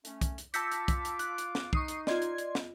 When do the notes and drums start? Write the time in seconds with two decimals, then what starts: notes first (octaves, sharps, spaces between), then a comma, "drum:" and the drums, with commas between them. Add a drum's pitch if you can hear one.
0.05 A3 C#4, drum: hi-hat
0.21 drum: kick, hi-hat
0.38 drum: hi-hat
0.54 F4 A5 D6 E6 G6 A#6 B6 C#7, drum: hi-hat
0.72 drum: hi-hat
0.88 drum: kick, hi-hat
1.05 drum: hi-hat
1.19 F#6, drum: hi-hat
1.38 drum: hi-hat
1.55 drum: snare
1.73 D#4 C#6 D#6 C7, drum: kick
1.88 drum: hi-hat
2.07 F4 D5 D#5 C6 G#6, drum: snare
2.22 drum: hi-hat
2.38 drum: hi-hat
2.55 drum: snare